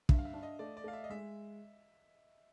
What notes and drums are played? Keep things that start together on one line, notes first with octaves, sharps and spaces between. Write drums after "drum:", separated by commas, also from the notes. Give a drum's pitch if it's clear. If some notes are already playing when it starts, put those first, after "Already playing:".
G2 E5, drum: kick
F5
E5
D4
D#5
A3 D5
D5
A3 F5
E5
D#5
G#3 E5